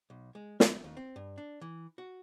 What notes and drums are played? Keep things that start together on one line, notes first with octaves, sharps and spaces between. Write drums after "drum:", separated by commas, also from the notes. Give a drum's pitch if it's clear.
B1
G#3
E5, drum: snare
D#2
C4
G2
D4
E3
F#4